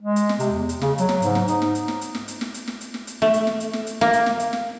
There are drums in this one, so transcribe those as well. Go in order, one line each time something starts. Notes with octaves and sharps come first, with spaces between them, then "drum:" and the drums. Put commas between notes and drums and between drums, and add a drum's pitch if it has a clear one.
G#3
drum: hi-hat
drum: snare
C3, drum: hi-hat
E2
drum: hi-hat
C#3, drum: snare
F#3, drum: hi-hat
drum: snare
G#2, drum: hi-hat
drum: snare
D#4, drum: hi-hat
drum: snare
drum: hi-hat
drum: snare
drum: hi-hat
drum: snare
drum: hi-hat
drum: snare
drum: hi-hat
drum: snare
drum: hi-hat
drum: snare
drum: hi-hat
A3, drum: snare
drum: hi-hat
drum: snare
drum: hi-hat
drum: snare
drum: hi-hat
A#3, drum: snare
drum: hi-hat
drum: snare
drum: hi-hat
drum: snare